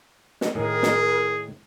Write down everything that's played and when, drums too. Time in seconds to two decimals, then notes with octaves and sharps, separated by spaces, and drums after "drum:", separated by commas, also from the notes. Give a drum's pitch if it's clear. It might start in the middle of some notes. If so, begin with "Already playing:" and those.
0.41 drum: snare
0.55 A2 D#3 G#4 A#4
0.83 drum: snare